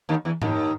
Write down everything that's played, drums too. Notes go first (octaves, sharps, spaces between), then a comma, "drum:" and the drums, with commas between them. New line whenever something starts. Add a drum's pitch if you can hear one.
D#2 D#3
E2 E3
D#2 D#3, drum: tom G#2